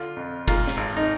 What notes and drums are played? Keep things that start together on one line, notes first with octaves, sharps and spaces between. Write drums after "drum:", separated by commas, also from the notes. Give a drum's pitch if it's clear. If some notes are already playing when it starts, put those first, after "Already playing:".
Already playing: D3 F4
F2
G#2 F4, drum: kick, cymbal
drum: snare
G#1
D#4